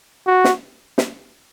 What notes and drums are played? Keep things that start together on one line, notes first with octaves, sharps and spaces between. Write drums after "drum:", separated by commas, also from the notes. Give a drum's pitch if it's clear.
F#4
drum: snare
drum: snare